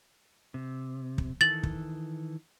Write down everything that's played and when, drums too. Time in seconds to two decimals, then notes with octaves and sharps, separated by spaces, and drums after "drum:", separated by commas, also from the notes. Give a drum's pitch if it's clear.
0.54 C3
1.18 drum: kick
1.41 D#3 E3 A4 A6 F#7
1.63 drum: kick